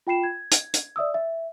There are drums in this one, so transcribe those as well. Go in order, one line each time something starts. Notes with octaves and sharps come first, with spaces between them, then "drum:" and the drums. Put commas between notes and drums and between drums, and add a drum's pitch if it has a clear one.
F4 G5 B5 C7 E7
G#6
drum: hi-hat
drum: hi-hat
D5 E5 D#6 E6
E5